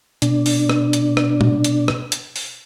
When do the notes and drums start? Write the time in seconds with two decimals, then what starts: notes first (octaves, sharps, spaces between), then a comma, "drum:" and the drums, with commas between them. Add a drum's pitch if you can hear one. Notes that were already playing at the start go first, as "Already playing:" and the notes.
0.22 B2 D4, drum: hi-hat
0.46 drum: open hi-hat
0.69 drum: rim click
0.93 drum: hi-hat
1.17 drum: rim click
1.41 drum: tom A#2
1.64 drum: hi-hat
1.88 drum: rim click
2.12 drum: hi-hat
2.36 drum: open hi-hat